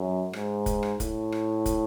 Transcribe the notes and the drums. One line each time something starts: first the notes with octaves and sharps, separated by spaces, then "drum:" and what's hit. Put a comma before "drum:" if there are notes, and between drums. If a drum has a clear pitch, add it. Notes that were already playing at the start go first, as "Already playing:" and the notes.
Already playing: F#2
G#2, drum: rim click
drum: kick, hi-hat
drum: rim click
A2, drum: kick, hi-hat
drum: rim click
drum: kick, hi-hat